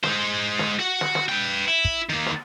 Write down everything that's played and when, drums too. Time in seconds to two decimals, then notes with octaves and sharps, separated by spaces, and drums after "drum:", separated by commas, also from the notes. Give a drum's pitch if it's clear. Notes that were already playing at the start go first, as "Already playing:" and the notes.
0.03 G#3 C5, drum: snare
0.59 drum: snare
0.79 F#4 F#5
1.01 drum: snare
1.15 drum: snare
1.29 B4 G5
1.67 E4
1.85 drum: kick
2.09 D#3 A#3
2.26 drum: snare